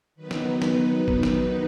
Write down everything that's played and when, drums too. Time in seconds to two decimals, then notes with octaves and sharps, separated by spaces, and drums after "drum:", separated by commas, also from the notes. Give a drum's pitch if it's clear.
0.15 D#3 F#3 B3 D#4 B4
0.31 drum: snare
0.62 drum: snare
1.08 drum: kick G#1
1.23 drum: snare